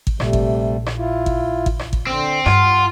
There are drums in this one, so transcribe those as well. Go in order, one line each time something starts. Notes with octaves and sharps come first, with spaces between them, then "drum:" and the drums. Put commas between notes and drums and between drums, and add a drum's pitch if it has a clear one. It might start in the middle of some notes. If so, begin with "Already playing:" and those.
drum: kick G#1
A#1 C3 G3 A3, drum: rim click
drum: kick G#1
drum: rim click
E4 F4
drum: kick G#1
drum: kick G#1
drum: rim click
drum: kick G#1
D3 C4
G2 F4 F#5, drum: rim click